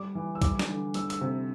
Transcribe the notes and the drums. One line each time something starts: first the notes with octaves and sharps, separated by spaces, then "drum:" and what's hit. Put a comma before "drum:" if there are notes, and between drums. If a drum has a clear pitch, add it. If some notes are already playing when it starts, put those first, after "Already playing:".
Already playing: G3 D6
E3
E6
G3 D6, drum: kick B1, hi-hat
drum: snare
D3
G3 E6, drum: hi-hat
E6, drum: hi-hat
C3